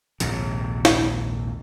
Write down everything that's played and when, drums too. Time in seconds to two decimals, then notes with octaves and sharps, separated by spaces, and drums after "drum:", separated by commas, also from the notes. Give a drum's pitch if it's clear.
0.20 A#1 D#2 G#2 C3, drum: hi-hat
0.85 drum: snare